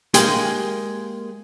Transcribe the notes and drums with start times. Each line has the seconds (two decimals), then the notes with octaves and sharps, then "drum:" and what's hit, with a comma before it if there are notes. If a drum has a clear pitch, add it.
0.14 G#3 A#3 G4 G#4 F5, drum: hi-hat